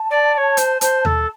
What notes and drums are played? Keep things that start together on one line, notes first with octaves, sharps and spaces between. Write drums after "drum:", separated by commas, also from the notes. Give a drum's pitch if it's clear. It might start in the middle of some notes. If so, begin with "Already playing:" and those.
Already playing: A5
D5
D5
C#5
C5, drum: hi-hat
C5, drum: hi-hat
A4, drum: tom D#2